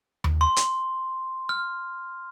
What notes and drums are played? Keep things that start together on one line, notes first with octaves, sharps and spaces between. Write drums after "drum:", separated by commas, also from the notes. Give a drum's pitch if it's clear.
drum: tom D#2
C6
drum: hi-hat
F6